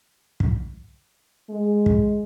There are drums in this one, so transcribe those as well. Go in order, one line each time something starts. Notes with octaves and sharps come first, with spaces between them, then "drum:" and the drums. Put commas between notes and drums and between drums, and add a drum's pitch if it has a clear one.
drum: kick
G#3
drum: kick